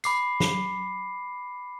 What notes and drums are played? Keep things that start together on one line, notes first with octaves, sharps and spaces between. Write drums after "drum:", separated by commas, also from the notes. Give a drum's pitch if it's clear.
B5 D6 C7, drum: tambourine
drum: snare